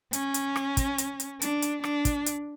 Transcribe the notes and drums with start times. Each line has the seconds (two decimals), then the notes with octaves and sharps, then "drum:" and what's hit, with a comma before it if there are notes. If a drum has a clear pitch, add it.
0.13 C#4, drum: hi-hat
0.34 drum: hi-hat
0.56 drum: rim click
0.77 drum: kick, hi-hat
0.98 drum: hi-hat
1.20 drum: hi-hat
1.42 D4, drum: hi-hat
1.62 drum: hi-hat
1.84 D4, drum: rim click
2.05 drum: kick, hi-hat
2.26 drum: hi-hat